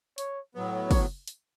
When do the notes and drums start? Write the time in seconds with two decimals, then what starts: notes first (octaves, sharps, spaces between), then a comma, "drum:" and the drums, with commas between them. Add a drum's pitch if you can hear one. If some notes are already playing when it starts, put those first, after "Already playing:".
0.18 C#5, drum: hi-hat
0.55 A2 F#3 B3
0.91 C#5, drum: kick, open hi-hat
1.28 drum: hi-hat